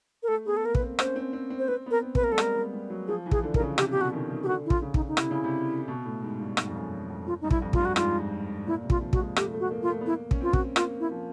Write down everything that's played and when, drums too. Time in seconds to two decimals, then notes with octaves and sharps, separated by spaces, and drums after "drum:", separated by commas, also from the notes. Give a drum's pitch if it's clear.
0.23 A#4
0.28 A3 A4
0.46 B3 G#4
0.57 A4
0.63 A#3 A#4
0.75 B4, drum: kick
0.80 C4
0.99 C#4 C5, drum: rim click
1.16 C4
1.33 C4
1.50 C4
1.59 C5
1.68 C4 B4
1.86 B3 A#4
2.03 C4
2.15 B4, drum: kick
2.20 A#3 A#4
2.31 G3 A4
2.38 G#3 A#4, drum: rim click
2.56 G3
2.74 G3
2.90 F#3
3.08 F3 G#4
3.26 E3
3.31 G#4, drum: kick
3.43 D3
3.54 A#4, drum: kick
3.60 C#3
3.78 C3 G4, drum: rim click
3.91 B2 G4
4.01 F#4
4.13 D#3
4.31 D#3
4.43 G4
4.48 D3 F#4
4.66 E4
4.70 F4, drum: kick
4.82 C#3
4.94 D#4, drum: kick
5.08 D#4
5.17 C3 E4, drum: rim click
5.31 C#3
5.44 C3
5.88 B2
6.05 A2
6.22 G#2
6.40 G2
6.57 G#2, drum: rim click
6.67 F2
6.75 F#2
6.92 F#2
7.10 F2
7.27 F4
7.41 G2 D#4
7.51 E4, drum: kick
7.62 F2
7.73 F4, drum: kick
7.80 G2
7.85 F#4
7.96 G#2 F4, drum: rim click
8.66 A#2 E4
8.84 C3
8.90 F4, drum: kick
9.01 F3
9.13 F#4, drum: kick
9.18 G#3
9.36 A3 G4, drum: rim click
9.53 A3
9.60 F#4
9.71 A#3
9.83 F4
9.88 A3
10.01 B3
10.06 A#3 E4
10.31 C#4, drum: kick
10.41 C4 F4
10.53 F#4, drum: kick
10.76 A#3 F4, drum: rim click
11.00 E4
11.12 F3